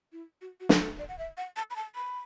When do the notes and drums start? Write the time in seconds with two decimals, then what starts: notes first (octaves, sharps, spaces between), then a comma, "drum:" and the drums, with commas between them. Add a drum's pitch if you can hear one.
0.12 E4
0.41 F#4
0.60 F#4
0.69 drum: snare
0.79 A4
0.99 D5
1.08 F#5
1.18 E5
1.37 F#5
1.56 A5
1.70 B5
1.76 A5
1.95 B5